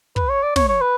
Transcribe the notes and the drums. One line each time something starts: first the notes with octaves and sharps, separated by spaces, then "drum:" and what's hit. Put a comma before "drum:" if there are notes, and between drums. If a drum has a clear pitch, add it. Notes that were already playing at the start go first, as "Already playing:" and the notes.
B4, drum: kick
C#5
D5
C#5, drum: snare
C#5
B4